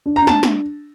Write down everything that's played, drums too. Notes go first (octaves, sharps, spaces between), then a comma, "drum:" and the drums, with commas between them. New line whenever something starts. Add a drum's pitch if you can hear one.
D4
A#5
D4
A5, drum: snare
drum: snare